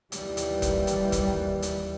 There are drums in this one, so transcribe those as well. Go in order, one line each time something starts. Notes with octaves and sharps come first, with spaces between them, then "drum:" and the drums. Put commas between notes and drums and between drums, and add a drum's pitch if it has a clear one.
D#2 E3 G3, drum: hi-hat
drum: hi-hat
drum: kick, hi-hat
drum: hi-hat
drum: kick, hi-hat
drum: hi-hat